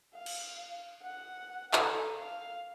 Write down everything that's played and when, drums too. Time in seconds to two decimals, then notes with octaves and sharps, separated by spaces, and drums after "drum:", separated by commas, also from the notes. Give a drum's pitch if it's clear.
0.14 F5
0.26 drum: cymbal
1.02 F#5
1.73 A4, drum: clap
2.17 F5